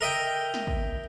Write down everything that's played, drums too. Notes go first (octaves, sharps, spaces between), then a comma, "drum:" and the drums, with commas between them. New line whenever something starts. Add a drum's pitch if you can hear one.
A#4 D#5 E5 G5
drum: snare
drum: kick